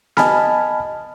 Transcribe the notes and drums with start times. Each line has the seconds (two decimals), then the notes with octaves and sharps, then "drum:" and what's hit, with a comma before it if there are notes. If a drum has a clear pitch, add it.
0.17 D#5 G#5 A5 B5 F6, drum: snare B3